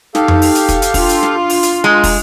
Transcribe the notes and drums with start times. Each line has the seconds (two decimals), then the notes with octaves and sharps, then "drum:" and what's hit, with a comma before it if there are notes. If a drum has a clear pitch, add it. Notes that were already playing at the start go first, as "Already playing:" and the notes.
0.15 D#4 G4 A4 F5, drum: snare
0.28 drum: tom F2
0.42 drum: open hi-hat
0.55 drum: hi-hat
0.69 drum: kick, hi-hat
0.82 drum: hi-hat
0.94 D4 F4, drum: kick, open hi-hat
1.09 drum: hi-hat
1.23 drum: snare
1.50 drum: open hi-hat
1.63 drum: hi-hat
1.84 G#3 A#5 D#6
2.04 drum: kick, open hi-hat